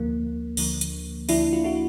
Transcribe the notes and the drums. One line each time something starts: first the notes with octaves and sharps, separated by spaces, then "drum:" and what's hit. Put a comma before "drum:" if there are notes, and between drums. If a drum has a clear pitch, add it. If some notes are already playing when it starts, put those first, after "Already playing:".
Already playing: D2 D3 F3 A#3
D2 D3 F3, drum: open hi-hat
drum: hi-hat
D2 D3 F3 D4 E4, drum: open hi-hat
F4
E4 F#4